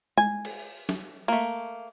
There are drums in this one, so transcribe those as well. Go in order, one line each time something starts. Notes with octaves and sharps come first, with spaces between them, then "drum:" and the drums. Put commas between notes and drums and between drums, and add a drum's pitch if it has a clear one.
G#5, drum: tom G#3
drum: cymbal
drum: snare
A3 A#3